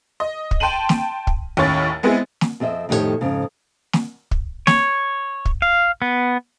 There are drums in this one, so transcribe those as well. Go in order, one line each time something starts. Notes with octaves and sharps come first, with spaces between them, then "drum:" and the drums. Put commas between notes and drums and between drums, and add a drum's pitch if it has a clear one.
D#5
drum: kick
G5 A5 C6 D#7 F#7
drum: snare
drum: kick
D#2 A2 C#4 C#5 A6
G#3 B3 C4 E4 G#4
drum: snare
F2 C4 G#4 D#5 E5
F2 A2 D#3 G4 G#4 C#5
F2 G#2 C#3
drum: snare
drum: kick
C#5, drum: snare
drum: kick
F5
B3